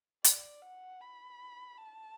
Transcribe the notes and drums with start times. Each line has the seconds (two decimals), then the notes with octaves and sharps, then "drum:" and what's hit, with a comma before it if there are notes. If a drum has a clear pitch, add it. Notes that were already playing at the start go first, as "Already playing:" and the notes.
0.24 D5, drum: hi-hat
0.62 F#5
1.01 B5
1.77 A5